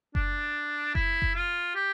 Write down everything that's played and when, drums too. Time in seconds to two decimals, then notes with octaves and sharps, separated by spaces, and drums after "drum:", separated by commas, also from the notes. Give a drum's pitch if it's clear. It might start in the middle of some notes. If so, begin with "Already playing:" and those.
0.15 D4, drum: kick F#1
0.95 E4, drum: kick F#1
1.22 drum: kick F#1
1.35 F4
1.75 G4